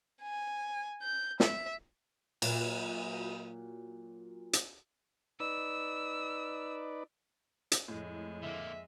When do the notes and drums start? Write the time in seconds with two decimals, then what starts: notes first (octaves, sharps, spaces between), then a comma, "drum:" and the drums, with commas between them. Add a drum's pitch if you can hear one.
0.22 G#5
1.02 G6
1.40 E5, drum: snare
2.42 A#2 F#3, drum: cymbal
4.53 drum: hi-hat
5.40 D#4 B4 D5 E6
7.72 drum: hi-hat
7.88 F2 A2 G#3
8.43 D3 A#3 E5